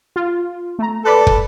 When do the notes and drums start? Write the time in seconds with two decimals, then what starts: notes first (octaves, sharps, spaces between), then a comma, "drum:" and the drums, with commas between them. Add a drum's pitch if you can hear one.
0.16 F4
0.79 A3 A#5
1.05 A4 B4 D5 B5
1.27 drum: kick